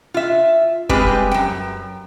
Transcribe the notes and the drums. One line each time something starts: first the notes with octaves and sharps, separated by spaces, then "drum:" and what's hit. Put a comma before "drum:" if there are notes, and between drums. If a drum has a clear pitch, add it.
F4 E5
G3 G#3 C4 G4 B4, drum: kick
F#2 G5